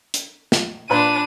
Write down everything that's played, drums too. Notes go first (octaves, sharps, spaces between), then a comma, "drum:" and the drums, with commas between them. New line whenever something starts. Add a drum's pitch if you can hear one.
drum: hi-hat
drum: snare
A#2 D4 B4 C6 D#7